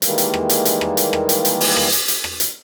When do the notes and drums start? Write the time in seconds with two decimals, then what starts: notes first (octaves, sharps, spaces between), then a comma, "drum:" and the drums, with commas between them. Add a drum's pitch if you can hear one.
0.02 D#3 E3 G3 G#3 A#3, drum: hi-hat
0.18 drum: hi-hat
0.34 drum: rim click
0.49 drum: hi-hat
0.65 drum: hi-hat
0.81 drum: rim click
0.97 drum: hi-hat
1.13 drum: rim click
1.29 drum: hi-hat
1.45 drum: hi-hat
1.61 drum: open hi-hat
1.76 drum: rim click
1.92 drum: hi-hat
2.08 drum: hi-hat
2.24 drum: rim click
2.40 drum: hi-hat